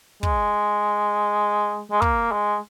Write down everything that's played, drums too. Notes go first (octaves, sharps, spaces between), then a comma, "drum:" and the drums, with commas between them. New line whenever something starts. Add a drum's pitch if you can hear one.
G#3, drum: kick
G#3
A#3, drum: kick
G#3